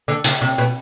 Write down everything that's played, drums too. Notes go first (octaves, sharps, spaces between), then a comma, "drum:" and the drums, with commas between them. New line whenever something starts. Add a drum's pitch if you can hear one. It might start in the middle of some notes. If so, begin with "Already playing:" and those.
D3
C#3, drum: hi-hat
C3
B2